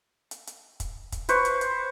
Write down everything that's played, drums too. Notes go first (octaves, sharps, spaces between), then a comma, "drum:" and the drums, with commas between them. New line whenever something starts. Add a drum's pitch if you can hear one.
drum: hi-hat
drum: hi-hat
drum: kick, hi-hat
drum: kick, hi-hat
B4 C5 C#6, drum: hi-hat
drum: hi-hat
drum: hi-hat